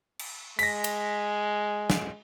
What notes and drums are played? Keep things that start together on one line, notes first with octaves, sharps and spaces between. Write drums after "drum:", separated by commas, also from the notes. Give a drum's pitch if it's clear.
drum: cymbal
G#3 A#6 B6, drum: cymbal
drum: cymbal
drum: snare